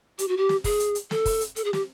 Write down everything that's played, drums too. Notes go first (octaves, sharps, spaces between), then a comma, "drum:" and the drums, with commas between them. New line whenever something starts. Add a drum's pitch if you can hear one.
G4, drum: hi-hat
F#4
G4
drum: snare
G#4, drum: kick, open hi-hat
drum: hi-hat
drum: hi-hat
A4, drum: snare
drum: kick, open hi-hat
drum: hi-hat
A4, drum: hi-hat
G#4
G4, drum: snare